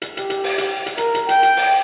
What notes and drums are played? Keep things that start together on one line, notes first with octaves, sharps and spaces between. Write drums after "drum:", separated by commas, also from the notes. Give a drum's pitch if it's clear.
drum: hi-hat
G4, drum: hi-hat
drum: hi-hat
drum: open hi-hat
drum: hi-hat
drum: hi-hat
A#4, drum: hi-hat
drum: hi-hat
G5, drum: hi-hat
drum: hi-hat
drum: open hi-hat